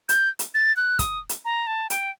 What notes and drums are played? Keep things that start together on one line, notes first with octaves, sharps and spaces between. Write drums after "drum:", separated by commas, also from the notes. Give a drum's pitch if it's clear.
G6, drum: hi-hat
drum: hi-hat
A6
F#6
D#6, drum: kick, hi-hat
drum: hi-hat
A#5
A5
G5, drum: hi-hat